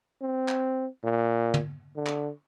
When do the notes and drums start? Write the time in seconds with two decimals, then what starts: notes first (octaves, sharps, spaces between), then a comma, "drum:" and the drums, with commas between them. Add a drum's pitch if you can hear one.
0.22 C4
0.48 drum: clap
1.04 A#2
1.54 drum: tom
1.96 D3
2.07 drum: clap